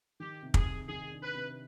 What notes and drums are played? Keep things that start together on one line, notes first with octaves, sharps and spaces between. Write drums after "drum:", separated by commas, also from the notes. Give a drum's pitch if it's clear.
D#3 G4
C3
G#4, drum: kick
C3
D#3 G#4
D4
B4
C3